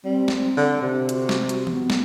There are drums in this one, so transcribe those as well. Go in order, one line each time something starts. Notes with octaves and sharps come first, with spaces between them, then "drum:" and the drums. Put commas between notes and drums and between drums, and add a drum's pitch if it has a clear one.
G3 C4
drum: snare
D3
C3
F#4, drum: hi-hat
drum: snare
drum: hi-hat
B3, drum: tom E3
drum: snare